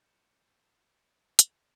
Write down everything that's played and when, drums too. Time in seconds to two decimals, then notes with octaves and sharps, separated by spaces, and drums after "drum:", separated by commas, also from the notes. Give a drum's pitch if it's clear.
0.01 G6 A6 C#7 E7
1.39 drum: hi-hat